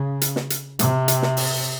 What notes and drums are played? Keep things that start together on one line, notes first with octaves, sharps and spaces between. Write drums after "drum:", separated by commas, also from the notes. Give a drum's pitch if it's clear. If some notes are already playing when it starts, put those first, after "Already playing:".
Already playing: C#3
drum: hi-hat
drum: snare
drum: hi-hat
C3, drum: hi-hat
drum: hi-hat
drum: snare
drum: open hi-hat